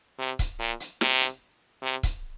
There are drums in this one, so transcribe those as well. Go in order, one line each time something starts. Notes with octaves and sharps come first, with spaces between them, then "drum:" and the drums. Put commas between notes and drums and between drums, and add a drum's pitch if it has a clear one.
C3
drum: kick, hi-hat
A#2
drum: hi-hat
C3, drum: snare
drum: hi-hat
C3
drum: kick, hi-hat